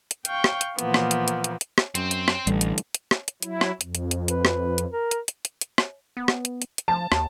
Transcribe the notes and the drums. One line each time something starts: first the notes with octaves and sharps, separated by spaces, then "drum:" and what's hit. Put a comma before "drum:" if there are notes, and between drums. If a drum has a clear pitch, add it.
drum: hi-hat
F5 G5 C#6 G6, drum: hi-hat
drum: rim click
drum: hi-hat
A#2 E3 F3 A#3 B3, drum: hi-hat
drum: rim click
drum: hi-hat
drum: hi-hat
drum: hi-hat
drum: hi-hat
drum: rim click
F#2 C4 C5, drum: hi-hat
drum: hi-hat
drum: rim click
A1 D3 G3, drum: hi-hat
drum: hi-hat
drum: hi-hat
drum: hi-hat
drum: rim click
drum: hi-hat
F#3 E4, drum: hi-hat
drum: rim click
F2, drum: hi-hat
drum: hi-hat
drum: hi-hat
B4, drum: hi-hat
drum: rim click
drum: hi-hat
A#4
drum: hi-hat
drum: hi-hat
drum: hi-hat
drum: hi-hat
drum: rim click
B3
drum: rim click
drum: hi-hat
drum: hi-hat
drum: hi-hat
F3 A5
D#2, drum: rim click